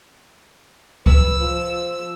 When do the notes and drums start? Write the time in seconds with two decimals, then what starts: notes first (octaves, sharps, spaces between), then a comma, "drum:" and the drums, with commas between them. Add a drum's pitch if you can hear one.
1.06 B4 E6, drum: kick C#2
1.40 F3